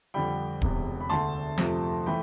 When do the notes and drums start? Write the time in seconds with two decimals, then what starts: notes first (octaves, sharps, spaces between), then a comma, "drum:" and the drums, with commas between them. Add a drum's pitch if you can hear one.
0.14 F2 D3 G3 G5 B5
0.62 E1 E2 C3, drum: kick D1
1.01 B5
1.10 D2 D3 A3 A5 C6
1.58 F2 C3 F3 A3, drum: snare
2.06 E3 A3 G5 B5